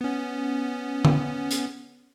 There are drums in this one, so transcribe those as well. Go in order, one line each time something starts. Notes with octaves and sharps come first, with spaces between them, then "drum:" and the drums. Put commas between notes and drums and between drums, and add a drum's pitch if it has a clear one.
B3 C#4
drum: tom D3
drum: hi-hat